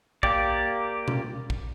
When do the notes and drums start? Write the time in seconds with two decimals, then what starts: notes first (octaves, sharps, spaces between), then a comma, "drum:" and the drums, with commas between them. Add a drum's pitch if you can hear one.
0.23 A#3 G4 D5, drum: kick
1.08 drum: tom B2
1.50 drum: kick